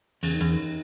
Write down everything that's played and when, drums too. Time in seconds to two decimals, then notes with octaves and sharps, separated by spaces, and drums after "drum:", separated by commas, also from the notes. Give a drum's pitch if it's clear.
0.23 E2 C#3, drum: cymbal
0.33 D#3
0.41 E2 C#3
0.50 D#3